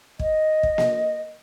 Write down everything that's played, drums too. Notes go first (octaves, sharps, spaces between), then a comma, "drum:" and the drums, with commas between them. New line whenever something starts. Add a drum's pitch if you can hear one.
D#5, drum: kick
drum: kick
drum: snare A#3